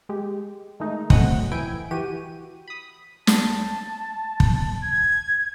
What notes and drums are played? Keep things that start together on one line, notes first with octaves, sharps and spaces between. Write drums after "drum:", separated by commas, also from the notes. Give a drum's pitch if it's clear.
G#3 G4
D#3 G#3 A3 D#4
A3 C4 C#4 F#4 D#5 F#5, drum: kick
E3 E4 G5 G#5 D7
E3 F#4 G4 D#7
B5 D#6
A5, drum: snare
drum: kick
G#6